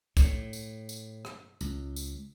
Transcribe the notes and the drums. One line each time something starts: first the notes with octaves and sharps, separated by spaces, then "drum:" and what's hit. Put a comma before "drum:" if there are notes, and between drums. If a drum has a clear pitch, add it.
A2, drum: kick, tambourine
drum: tambourine
drum: tambourine
drum: rim click
C#2, drum: tambourine
drum: tambourine